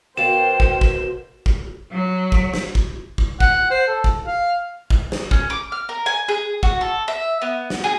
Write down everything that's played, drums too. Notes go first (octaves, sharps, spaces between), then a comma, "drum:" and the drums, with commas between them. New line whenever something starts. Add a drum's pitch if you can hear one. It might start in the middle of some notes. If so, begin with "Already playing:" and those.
B2 A#4 C5 D5 F5 G5 E7
drum: kick
drum: kick
drum: kick
F#3
drum: kick
drum: snare
drum: kick
drum: kick
F#5, drum: kick
C5
A4
drum: kick
F5
drum: kick
drum: snare
C#4, drum: kick
D6
F6
A#4
G#5
G#4
F#4, drum: kick
A4
E5
B3
drum: snare
G#4